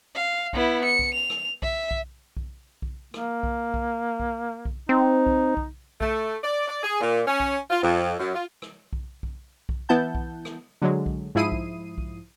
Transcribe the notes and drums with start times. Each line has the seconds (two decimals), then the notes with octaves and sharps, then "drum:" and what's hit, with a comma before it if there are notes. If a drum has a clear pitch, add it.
0.15 F5
0.53 B3 E4, drum: kick B1
0.85 C#7
0.99 drum: kick B1
1.15 F7
1.30 drum: rim click
1.62 E5, drum: kick B1
1.91 drum: kick B1
2.37 drum: kick B1
2.82 drum: kick B1
3.14 A#3, drum: rim click
3.43 drum: kick B1
3.74 drum: kick B1
4.20 drum: kick B1
4.65 drum: kick B1
4.89 C4 D#4
5.26 drum: kick B1
5.57 drum: kick B1
6.01 A3, drum: kick B1
6.44 D5
6.68 D5
6.83 G#4
7.01 A#2
7.26 C#4
7.40 drum: kick B1
7.70 F4
7.82 F2
8.20 F#2
8.35 F4
8.62 drum: rim click
8.93 drum: kick B1
9.23 drum: kick B1
9.69 drum: kick B1
9.89 E3 B3 E4 F#5 A5 G6
10.15 drum: kick B1
10.45 drum: rim click
10.81 D3 F#3 G#3
11.06 drum: kick B1
11.35 G#2 F3 E4 D#6 C7 D#7
11.52 drum: kick B1
11.98 drum: kick B1